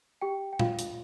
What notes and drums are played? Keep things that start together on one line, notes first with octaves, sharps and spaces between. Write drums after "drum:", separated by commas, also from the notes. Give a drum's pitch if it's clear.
G4 G5
G5
F4 F5, drum: tom A#2
drum: hi-hat